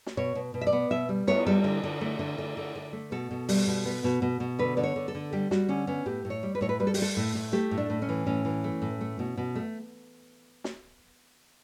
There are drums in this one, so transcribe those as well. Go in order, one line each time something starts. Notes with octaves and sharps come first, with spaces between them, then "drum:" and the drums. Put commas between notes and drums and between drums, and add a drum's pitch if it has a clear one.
drum: snare
B2 C#5
B2
B2
E5
D5
B3
B2 E5
G3
B3 C#5, drum: cymbal
G3 A4
D3
D3
A3
D3
D3
D3
D3
A3
B2 A4
B2
G3, drum: open hi-hat
B2
B3
B2
B2
B2
D3 B4
D3 D5
C#5
D3
A4
D3
G3 G4
G3 F#4, drum: snare
D3 C#4
B3 C#4
A2 G4
A2
C#5
G3
B4
A2 C#5
B4
G3 B4
A4
G4, drum: open hi-hat
G3 A4
A2
A2
A3 G4
A2
D4
A2
C#4
E3
A2 C#4
E3
A3
A2
A3
B2
B2
A3
drum: snare